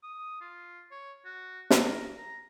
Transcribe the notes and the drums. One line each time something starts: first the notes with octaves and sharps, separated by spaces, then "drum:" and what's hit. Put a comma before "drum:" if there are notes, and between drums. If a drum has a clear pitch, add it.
D#6
F4
C#5
F#4
drum: snare
A#4
A#5